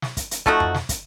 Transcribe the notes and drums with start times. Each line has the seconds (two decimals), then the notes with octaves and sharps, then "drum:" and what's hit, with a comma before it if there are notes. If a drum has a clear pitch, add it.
0.02 drum: snare
0.17 drum: kick, hi-hat
0.31 drum: hi-hat
0.46 F3 A3 D#4 F#4, drum: kick
0.60 drum: tom F2
0.75 drum: snare
0.89 drum: kick, hi-hat